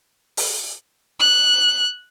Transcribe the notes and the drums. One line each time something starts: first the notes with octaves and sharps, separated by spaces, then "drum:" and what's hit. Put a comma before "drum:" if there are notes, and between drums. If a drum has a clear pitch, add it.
drum: open hi-hat
F#6